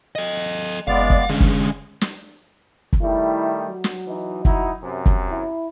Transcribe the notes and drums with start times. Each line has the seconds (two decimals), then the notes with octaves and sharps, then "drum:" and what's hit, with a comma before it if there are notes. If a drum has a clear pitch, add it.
0.15 A4 D#5
0.87 F#1 G#3 B3 D5 F5
1.10 drum: kick
1.30 G2 D3 G#3 C#4
1.41 drum: kick
2.01 drum: snare
2.93 drum: kick
3.02 D#3 G3 A3 E4
3.67 F#3
3.84 drum: snare
4.08 E3 D#4
4.45 D#4 E4 F#4, drum: kick
4.84 F#2 C3
5.06 drum: kick
5.30 E4